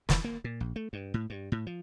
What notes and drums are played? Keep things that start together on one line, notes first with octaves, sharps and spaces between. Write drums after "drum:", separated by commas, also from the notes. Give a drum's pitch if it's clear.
E3, drum: snare
A#3
A#2
A#1
A3
G2
A2
G2
A2
F3